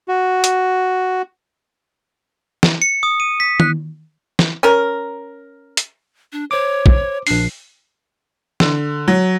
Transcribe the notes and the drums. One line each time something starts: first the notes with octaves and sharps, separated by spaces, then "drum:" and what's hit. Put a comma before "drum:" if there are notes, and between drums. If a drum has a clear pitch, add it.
F#4
drum: hi-hat
drum: snare
C#7
D#6
D#7
B6
F#6, drum: tom D#3
drum: snare
C#4 A#4
drum: hi-hat
D4
C5 C#5 D6
drum: kick
A#1 D4 C7, drum: open hi-hat
D3, drum: snare
F#3